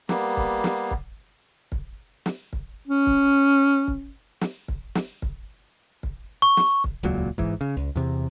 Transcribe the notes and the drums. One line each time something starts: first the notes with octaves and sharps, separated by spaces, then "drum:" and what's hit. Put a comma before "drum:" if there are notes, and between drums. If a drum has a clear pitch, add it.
G3 A#3 B3, drum: snare
drum: kick
drum: snare
drum: kick
drum: kick
drum: snare
drum: kick
C#4
drum: kick
drum: kick
drum: snare
drum: kick
drum: snare
drum: kick
drum: kick
C#6
drum: snare
drum: kick
D#1 C#2 A#2 F#3
G#2 E3, drum: kick
C#3
C#2
E2 C3